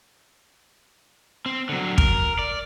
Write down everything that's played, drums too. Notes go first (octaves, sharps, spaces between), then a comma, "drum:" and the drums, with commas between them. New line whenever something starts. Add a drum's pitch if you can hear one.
C4
D3 F#3
A#4, drum: kick
D5